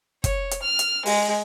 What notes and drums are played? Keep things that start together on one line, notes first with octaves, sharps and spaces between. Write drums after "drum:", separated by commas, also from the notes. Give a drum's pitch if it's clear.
C#5, drum: kick, hi-hat
drum: hi-hat
F6
drum: hi-hat
G#3, drum: open hi-hat